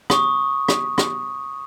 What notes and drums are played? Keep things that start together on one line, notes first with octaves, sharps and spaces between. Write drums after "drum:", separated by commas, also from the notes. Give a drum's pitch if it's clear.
C#6 D#6, drum: rim click
drum: rim click
drum: rim click